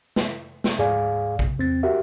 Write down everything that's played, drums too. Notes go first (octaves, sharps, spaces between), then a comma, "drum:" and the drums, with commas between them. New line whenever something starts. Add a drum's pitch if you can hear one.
drum: snare
drum: snare
D2 G#2 G#4 D5 F5 G#5
drum: kick A#1
E2 C4 A6
F#4 G4 A#4 E5